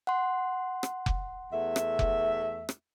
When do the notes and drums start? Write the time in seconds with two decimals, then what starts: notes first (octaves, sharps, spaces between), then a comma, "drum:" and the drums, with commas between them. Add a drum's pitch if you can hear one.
0.07 F#5 C6
0.83 drum: rim click
1.06 drum: kick F1
1.53 E2 A3 E5
1.76 drum: rim click
1.99 drum: kick F1
2.69 drum: rim click